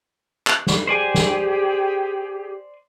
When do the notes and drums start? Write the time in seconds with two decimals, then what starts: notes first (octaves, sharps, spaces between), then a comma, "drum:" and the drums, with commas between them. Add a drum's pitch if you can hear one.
0.47 drum: clap
0.67 drum: snare
0.87 G4 G#4 C5 D5 G#5
1.15 drum: snare